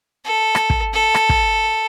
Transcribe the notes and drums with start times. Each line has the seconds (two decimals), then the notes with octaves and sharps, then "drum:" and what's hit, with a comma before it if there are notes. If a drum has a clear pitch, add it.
0.25 A4
0.55 drum: rim click
0.70 drum: kick
0.93 A4
1.14 drum: rim click
1.29 drum: kick